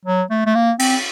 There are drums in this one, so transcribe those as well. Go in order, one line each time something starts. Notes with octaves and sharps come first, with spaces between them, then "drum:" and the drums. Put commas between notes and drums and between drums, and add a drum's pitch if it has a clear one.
F#3
A3
A3
A#3
C4, drum: cymbal